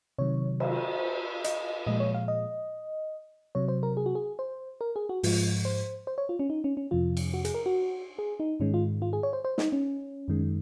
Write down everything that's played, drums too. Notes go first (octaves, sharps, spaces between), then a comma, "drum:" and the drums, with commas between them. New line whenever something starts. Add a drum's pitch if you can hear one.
C3 D#3 F#3 C#5
C5, drum: cymbal
D#5, drum: hi-hat
A#2 F3 G#3 D#5
C#5
F5
D#5
C3 F#3 C#5
C5
A#4
G#4
F#4
G#4
C5
A#4
G#4
F#4
G#2 F3 G#3 F4, drum: open hi-hat
C5
C5
C#5
F4
C#4
D#4
C#4
C#4
F2 C3 F3 F4
drum: cymbal
F#4
G#4, drum: hi-hat
A#4
F#4
G#4
D#4
G#2 D#3 G#3 C#4
F4
F4
G#4
C#5
C5
C5
D#4, drum: snare
C#4
F#2 D#3 G#3